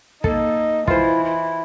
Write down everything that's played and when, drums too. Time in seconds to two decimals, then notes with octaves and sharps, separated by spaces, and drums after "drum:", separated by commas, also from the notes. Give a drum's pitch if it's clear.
0.24 A#3 D#4 A4, drum: kick
0.88 E3 E4 F4 C5, drum: kick
1.25 E4